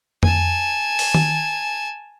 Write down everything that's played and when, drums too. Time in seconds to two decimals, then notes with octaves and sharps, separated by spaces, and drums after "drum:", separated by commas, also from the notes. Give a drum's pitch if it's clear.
0.23 G#5 A5, drum: tom F2
0.99 drum: open hi-hat
1.14 drum: tom D#3